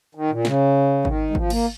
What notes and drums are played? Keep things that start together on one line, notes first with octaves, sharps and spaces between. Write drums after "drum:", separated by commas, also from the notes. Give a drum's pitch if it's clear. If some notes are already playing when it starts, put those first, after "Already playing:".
D#3
A#2
C#3, drum: snare
D#3, drum: kick G#1
G#3
F3, drum: kick G#1
A#3, drum: cymbal